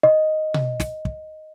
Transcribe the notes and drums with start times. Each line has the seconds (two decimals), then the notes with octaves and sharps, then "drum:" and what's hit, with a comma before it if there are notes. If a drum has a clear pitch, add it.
0.03 D#5
0.54 drum: tom B2
0.80 drum: snare
1.05 drum: kick